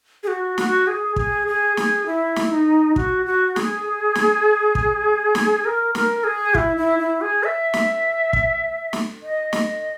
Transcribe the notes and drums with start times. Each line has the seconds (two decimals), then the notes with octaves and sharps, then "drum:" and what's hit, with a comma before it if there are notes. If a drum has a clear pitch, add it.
0.23 G#4
0.28 F#4
0.58 F#4, drum: snare
0.87 G#4
1.16 G#4, drum: kick
1.47 G#4
1.77 G#4, drum: snare
2.06 E4
2.36 drum: snare
2.51 D#4
2.96 F#4, drum: kick
3.26 F#4
3.56 G#4, drum: snare
4.15 drum: snare
4.75 drum: kick
5.35 drum: snare
5.65 A#4
5.95 A#4, drum: snare
6.24 G#4
6.55 E4, drum: kick
6.77 E4
6.99 E4
7.21 G#4
7.44 E5
7.74 drum: snare
8.33 drum: kick
8.93 drum: snare
9.22 D#5
9.53 drum: snare